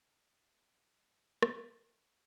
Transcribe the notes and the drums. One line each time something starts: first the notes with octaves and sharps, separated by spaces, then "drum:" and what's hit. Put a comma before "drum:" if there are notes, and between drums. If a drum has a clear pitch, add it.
D#3 G#3 A4
F3 A5
D3 F3 G#4
B2 A3 G5 A5, drum: rim click
G3 D5
F#3 A#4